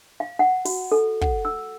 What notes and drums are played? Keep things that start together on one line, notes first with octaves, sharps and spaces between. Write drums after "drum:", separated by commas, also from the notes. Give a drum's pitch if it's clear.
F5
F#5
F#4, drum: open hi-hat
A4
F#5, drum: kick
E6